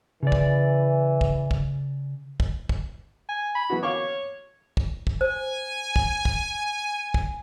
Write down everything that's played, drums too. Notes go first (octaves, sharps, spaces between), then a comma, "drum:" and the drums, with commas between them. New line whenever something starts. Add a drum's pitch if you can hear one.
C#3 E3 D5
drum: kick
drum: kick
drum: kick
drum: kick
drum: kick
G#5
B5
E3 B3 F#4
C#5 F5 C#6 D6
drum: kick
drum: kick
C5 G#5
drum: kick
drum: kick
drum: kick